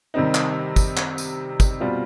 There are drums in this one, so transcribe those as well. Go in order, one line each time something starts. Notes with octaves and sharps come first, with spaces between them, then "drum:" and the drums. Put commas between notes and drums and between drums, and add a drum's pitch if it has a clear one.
C3 D#3 G3 C4 D#4
drum: clap
drum: kick, tambourine
drum: clap
drum: tambourine
drum: kick, tambourine
B2 G3 C4 F4